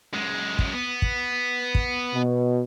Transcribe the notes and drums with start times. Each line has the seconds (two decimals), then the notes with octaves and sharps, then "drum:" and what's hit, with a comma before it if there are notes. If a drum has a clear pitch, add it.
0.13 F#2 G#3
0.59 drum: kick
0.73 B3
1.02 drum: kick
1.75 drum: kick
2.14 B2